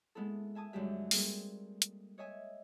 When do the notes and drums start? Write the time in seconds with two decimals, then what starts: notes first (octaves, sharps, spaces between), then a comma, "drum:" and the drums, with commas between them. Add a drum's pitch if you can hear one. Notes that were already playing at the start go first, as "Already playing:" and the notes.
0.15 G#3 A#3 B3 D#4 E4 A4
0.55 E5 G#5 A5 D#6
0.73 F#2 D3 G3 G#3 G4 E5
1.11 G3 G#3 A#3 C4 G#4 A4, drum: open hi-hat
1.82 drum: hi-hat
2.18 C#5 D#5 E5 G#5